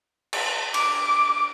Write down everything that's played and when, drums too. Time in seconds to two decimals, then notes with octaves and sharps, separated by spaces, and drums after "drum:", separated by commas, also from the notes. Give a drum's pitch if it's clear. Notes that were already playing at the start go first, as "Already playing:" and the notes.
0.33 drum: cymbal
0.74 D6, drum: cymbal